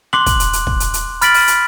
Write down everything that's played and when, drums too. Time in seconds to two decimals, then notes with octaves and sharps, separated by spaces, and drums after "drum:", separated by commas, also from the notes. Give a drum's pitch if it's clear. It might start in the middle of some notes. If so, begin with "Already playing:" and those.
0.13 C6 D6 F#6 F#7, drum: rim click
0.26 drum: kick, hi-hat
0.40 drum: hi-hat
0.53 drum: hi-hat
0.67 drum: kick
0.80 drum: hi-hat
0.94 drum: hi-hat
1.21 B5 F6 A6 B6 D7 F#7, drum: hi-hat
1.34 drum: open hi-hat
1.48 drum: hi-hat